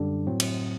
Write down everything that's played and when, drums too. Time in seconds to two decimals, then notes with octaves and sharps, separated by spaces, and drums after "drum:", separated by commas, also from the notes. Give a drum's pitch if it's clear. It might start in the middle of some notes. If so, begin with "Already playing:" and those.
Already playing: F#2 D3 G3 D4
0.27 A2 F#3 C4
0.40 drum: cymbal